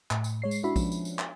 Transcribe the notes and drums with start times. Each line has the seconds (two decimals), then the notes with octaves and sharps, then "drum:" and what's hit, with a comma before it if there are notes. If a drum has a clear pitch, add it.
0.11 A2, drum: clap
0.24 drum: tambourine
0.42 G#3 C#5 C7
0.51 drum: tambourine
0.63 C#4 D4 E4 F#4 E5 B5
0.76 F3 G#3 B3 C#4 D4, drum: kick, tambourine
0.92 drum: tambourine
1.05 drum: tambourine
1.19 drum: clap